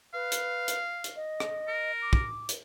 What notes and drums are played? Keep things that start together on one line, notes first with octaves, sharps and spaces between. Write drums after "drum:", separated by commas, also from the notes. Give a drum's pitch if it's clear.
B4 F5
drum: hi-hat
drum: hi-hat
drum: hi-hat
D#5
drum: rim click
A#4
D6
drum: kick
drum: hi-hat